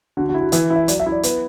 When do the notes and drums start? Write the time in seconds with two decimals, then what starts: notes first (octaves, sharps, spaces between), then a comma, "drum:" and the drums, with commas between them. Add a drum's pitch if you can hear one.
0.17 D3 F#4
0.29 F#4
0.34 E4
0.40 F#4
0.52 E3 E5, drum: hi-hat
0.70 E4
0.76 E5
0.88 F#3 D5, drum: hi-hat
1.00 E5
1.06 E4
1.12 D5
1.23 B3 B4, drum: hi-hat